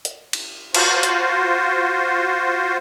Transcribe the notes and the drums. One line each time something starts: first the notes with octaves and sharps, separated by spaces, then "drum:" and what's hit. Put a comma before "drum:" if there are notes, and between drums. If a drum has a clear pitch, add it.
drum: hi-hat
drum: cymbal
F4 F#4 C5, drum: cymbal
drum: hi-hat